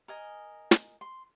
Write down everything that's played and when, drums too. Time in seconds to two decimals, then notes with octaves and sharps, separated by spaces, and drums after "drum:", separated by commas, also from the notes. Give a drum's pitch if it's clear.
0.08 A#4 D#5 G#5
0.71 drum: snare
1.01 C6